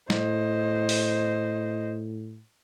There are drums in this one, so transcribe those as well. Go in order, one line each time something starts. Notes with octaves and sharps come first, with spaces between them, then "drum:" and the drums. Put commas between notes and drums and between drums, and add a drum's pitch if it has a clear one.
A2 C5 D#5, drum: snare
drum: open hi-hat